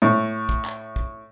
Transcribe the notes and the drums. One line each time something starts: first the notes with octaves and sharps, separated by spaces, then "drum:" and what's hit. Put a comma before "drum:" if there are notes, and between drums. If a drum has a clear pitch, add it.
A2
drum: kick
drum: clap
drum: kick